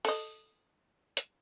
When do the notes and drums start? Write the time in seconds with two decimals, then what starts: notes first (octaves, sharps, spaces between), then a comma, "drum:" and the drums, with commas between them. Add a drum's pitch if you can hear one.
0.05 A4 D#5, drum: open hi-hat
1.17 drum: hi-hat